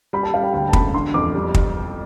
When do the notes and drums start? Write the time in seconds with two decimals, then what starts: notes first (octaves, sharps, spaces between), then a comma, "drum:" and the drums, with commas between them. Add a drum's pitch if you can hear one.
0.13 G3 B5
0.23 A5
0.34 G3 F5
0.43 G5
0.53 D2 G5
0.68 A5
0.73 E1 B5, drum: kick
0.94 D3 C6
1.14 F2 D6
1.34 G3
1.54 drum: kick